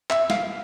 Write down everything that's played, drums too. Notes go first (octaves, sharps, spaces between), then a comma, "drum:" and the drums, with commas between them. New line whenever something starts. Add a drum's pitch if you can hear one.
E5, drum: clap
F5, drum: snare